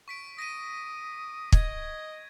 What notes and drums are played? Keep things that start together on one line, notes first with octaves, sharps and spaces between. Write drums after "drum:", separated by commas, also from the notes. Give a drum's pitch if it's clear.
C#6 B6 D7
D#6 A#6 B6 D#7
D#5 G#6, drum: kick